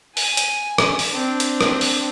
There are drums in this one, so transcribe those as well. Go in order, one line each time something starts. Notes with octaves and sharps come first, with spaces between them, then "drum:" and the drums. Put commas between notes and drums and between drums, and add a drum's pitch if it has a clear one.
G#5, drum: open hi-hat
drum: hi-hat
drum: rim click
drum: open hi-hat
C4 D4
drum: hi-hat
drum: rim click
drum: open hi-hat